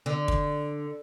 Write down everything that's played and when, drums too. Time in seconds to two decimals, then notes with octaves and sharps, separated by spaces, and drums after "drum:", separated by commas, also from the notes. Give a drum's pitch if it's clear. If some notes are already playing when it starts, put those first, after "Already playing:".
0.06 D3
0.28 drum: kick